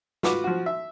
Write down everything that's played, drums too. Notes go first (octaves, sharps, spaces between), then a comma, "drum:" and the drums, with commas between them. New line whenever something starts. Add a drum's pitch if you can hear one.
F4 F#4 B4 F#5 D6, drum: snare
F3 F#4
E5